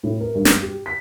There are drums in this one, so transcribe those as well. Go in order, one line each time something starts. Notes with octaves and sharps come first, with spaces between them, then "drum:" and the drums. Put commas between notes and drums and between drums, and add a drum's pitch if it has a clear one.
A2
A#4
G2
drum: snare
G4
B6